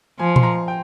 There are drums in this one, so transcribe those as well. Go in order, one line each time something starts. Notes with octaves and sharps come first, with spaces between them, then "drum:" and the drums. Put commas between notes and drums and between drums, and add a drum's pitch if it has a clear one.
F3 G#5
C6, drum: tom A#2
A#5
G5